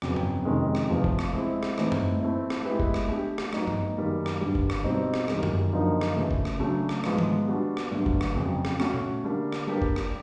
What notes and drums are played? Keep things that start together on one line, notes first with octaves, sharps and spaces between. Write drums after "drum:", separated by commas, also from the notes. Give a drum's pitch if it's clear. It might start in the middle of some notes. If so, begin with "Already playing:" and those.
F2 C#3 F#3 B3, drum: rim click
drum: tom G2
F2 C3 D#3 G#3 C#4
drum: rim click
E2 C3 F3 A3
drum: kick F#1
drum: rim click
G#3 C4 E4
drum: rim click
A2 E3 A3 C4 D#4, drum: rim click
drum: tom F#2
A3 C4 E4
drum: rim click
G#3 B3 E4 G4 B4
drum: kick F#1
drum: rim click
A3 D4 G4
drum: rim click
A2 F#3 B3 D#4, drum: rim click
drum: tom G2
F#2 D#3 G3 A#3
drum: rim click
G2 D3 G3
drum: kick F#1
drum: rim click
B2 G3 C4 D#4
drum: rim click
F#2 D#3 G3 A#3, drum: rim click
drum: tom F#2
F#2 D3 F3 A#3 D#4
drum: rim click
C#3 E3 A3
drum: kick F#1
drum: rim click
C#3 F#3 A3 D4
drum: rim click
G#2 F3 G#3 B3, drum: rim click
drum: tom D#3
G3 B3 D4 F#4
drum: rim click
G2 D3 F#3 A3
drum: kick F#1
drum: rim click
F2 C#3 F#3
drum: rim click
A3 C#4 F#4 A4, drum: rim click
drum: tom A#2
D3 G3 A#3 D4
drum: rim click
G3 A#3 D4 G4 B4
drum: kick F#1
drum: rim click